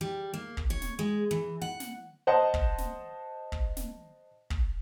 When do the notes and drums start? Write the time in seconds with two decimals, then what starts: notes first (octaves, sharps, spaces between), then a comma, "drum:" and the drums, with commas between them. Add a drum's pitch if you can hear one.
0.01 G3
0.34 A#3
0.57 drum: kick
0.70 C#5
0.82 drum: snare
0.99 G#3
1.31 E3
1.62 F#5
1.80 drum: snare
2.27 C5 D#5 F#5 A5
2.54 drum: kick
2.78 drum: snare
3.52 drum: kick
3.77 drum: snare
4.50 drum: kick